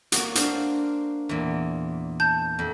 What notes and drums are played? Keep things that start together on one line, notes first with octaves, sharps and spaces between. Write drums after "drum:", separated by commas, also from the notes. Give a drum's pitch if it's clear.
A#3 F#4 F#5, drum: hi-hat
D4 C5 F5, drum: hi-hat
E2 A#2
A5 G6
F2